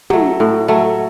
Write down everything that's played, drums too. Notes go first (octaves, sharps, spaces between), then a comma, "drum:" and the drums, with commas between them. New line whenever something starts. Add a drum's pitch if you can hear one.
F#3 A3, drum: tom
A2
F#3 A3